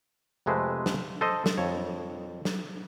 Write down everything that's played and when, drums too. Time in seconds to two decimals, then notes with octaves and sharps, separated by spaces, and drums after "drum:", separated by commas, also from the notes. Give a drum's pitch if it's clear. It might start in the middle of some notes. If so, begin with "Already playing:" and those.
0.46 F2 C3 G#3 A3 B4 C5
0.86 drum: snare
1.21 A4 C5 D#5
1.46 drum: snare
1.57 F2 C#5
2.45 drum: snare